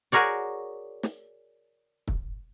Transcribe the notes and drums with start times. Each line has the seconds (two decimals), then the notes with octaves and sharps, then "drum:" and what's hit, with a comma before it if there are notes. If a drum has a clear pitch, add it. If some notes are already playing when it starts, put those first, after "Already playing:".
0.12 F#4 G#4 A#4 C#5 D5
1.03 drum: snare
2.08 drum: kick